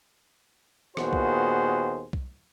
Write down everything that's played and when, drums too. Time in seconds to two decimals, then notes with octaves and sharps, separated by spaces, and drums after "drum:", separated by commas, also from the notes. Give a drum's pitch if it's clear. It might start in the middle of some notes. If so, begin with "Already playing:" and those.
0.97 D#2 A#2 B3 F#4 G#4 C5, drum: rim click
1.13 drum: kick B1
2.13 drum: kick B1